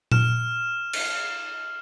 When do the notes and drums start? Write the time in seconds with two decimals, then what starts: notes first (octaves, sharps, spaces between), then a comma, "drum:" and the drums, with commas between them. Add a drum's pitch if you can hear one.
0.12 F6 E7, drum: tom A#2
0.93 drum: cymbal